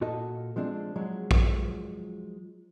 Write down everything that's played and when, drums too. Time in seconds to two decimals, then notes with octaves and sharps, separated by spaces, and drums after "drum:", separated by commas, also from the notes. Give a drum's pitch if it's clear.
0.01 A#2 F#4 A4 D#5
0.56 F3 G#3 C4 D4
0.96 F3 F#3 G#3
1.31 drum: kick